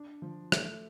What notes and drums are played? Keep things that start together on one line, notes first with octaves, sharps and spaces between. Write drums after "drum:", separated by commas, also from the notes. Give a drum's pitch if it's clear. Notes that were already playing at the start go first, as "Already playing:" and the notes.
Already playing: D4
F3
A3, drum: rim click